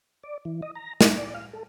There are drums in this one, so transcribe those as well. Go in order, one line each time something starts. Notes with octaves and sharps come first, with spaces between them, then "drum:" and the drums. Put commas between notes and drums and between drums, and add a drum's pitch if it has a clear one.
D5
E3
D#5
A#5
D#4, drum: snare
D5
F5
A4